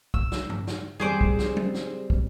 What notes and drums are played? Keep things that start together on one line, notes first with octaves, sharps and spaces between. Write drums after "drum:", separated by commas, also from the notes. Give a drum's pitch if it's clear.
E6, drum: kick
drum: snare
drum: tom G2
drum: snare
G3 C4 G#4 C5 D6
drum: kick
drum: snare
drum: tom F#3
drum: snare
drum: kick